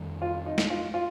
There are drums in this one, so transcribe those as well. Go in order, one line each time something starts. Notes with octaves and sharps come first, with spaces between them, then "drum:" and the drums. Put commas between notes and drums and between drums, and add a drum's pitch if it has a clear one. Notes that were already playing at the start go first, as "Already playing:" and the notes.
Already playing: F2 D#3 G3
F4
D#4
drum: snare
F4
F4